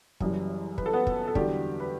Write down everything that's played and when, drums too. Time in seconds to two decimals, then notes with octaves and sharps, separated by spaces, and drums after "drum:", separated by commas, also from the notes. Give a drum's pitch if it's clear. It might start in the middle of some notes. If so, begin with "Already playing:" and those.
0.20 F#1 F#2 E3 G3, drum: kick
0.78 B4, drum: kick
0.86 A4
0.93 B3 B4
1.07 drum: kick
1.28 A4
1.35 E2 D3 F#3 G3 G4, drum: kick
1.80 B4